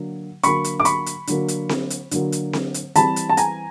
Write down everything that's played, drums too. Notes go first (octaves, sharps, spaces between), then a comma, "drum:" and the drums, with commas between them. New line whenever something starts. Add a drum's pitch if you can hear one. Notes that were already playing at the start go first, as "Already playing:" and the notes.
Already playing: D3 F#3 A#3
D3 F#3 A#3 B5 C#6, drum: hi-hat
drum: hi-hat
D6
B5 C#6, drum: hi-hat
drum: hi-hat
D3 F#3 A#3, drum: hi-hat
drum: hi-hat
drum: snare C4
drum: hi-hat
D3 F#3 A#3, drum: hi-hat
drum: hi-hat
drum: snare C4
drum: hi-hat
E3 G3 C4 A5 B5, drum: hi-hat
drum: hi-hat
A5
G#5 A#5, drum: hi-hat